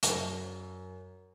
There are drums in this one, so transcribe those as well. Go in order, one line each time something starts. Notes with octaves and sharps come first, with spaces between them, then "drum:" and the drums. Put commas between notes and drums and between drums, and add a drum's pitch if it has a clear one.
F#2, drum: hi-hat